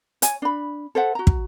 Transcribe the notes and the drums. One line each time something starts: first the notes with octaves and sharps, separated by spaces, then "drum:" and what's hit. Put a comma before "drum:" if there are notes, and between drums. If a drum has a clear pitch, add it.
C#5 G#5, drum: hi-hat
D4 B5
A4 C5 E5 F#5
F#4 A#5
drum: kick